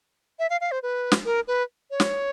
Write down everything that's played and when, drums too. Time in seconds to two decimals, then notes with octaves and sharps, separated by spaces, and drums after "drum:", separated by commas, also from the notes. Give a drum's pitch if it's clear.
0.39 E5
0.50 F5
0.61 F5
0.71 C5
0.83 B4
1.12 drum: snare
1.25 A#4
1.47 B4
1.91 C#5
2.00 drum: snare